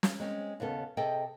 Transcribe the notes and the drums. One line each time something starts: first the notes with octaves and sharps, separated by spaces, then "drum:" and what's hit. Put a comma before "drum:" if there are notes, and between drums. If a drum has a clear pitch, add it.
drum: snare
G#3 C4 C#4
D#2 C#3 B3 A4
C3 G#4 A4 D#5 G5